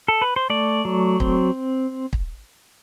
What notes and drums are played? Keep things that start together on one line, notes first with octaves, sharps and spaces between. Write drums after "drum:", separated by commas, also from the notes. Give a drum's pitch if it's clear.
A4
B4
C5
A3 D5
F#3
C4, drum: kick
drum: kick